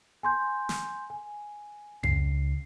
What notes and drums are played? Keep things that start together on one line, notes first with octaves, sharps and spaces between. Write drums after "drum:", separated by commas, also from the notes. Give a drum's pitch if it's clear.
G#5 C6 G6
drum: snare
G#5
C#2 C7, drum: tom F2